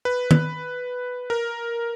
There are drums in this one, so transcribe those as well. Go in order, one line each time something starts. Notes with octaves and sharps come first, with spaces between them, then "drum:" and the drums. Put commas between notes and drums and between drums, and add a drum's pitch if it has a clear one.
B4
drum: tom D#3
A#4